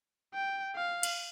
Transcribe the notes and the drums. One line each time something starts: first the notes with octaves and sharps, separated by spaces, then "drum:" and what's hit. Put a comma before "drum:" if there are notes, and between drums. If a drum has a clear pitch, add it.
G5
F5
drum: cymbal